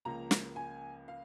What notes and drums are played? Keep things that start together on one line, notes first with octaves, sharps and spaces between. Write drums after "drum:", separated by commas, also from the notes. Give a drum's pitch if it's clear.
C#2 C#3 F3 A#3 A#5
drum: snare
G#5
F5